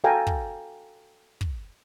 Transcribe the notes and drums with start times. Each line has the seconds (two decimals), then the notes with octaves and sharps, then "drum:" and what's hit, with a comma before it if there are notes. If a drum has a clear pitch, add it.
0.04 F#4 A4 F5 G5 G#5 A#5
0.27 drum: kick
1.41 drum: kick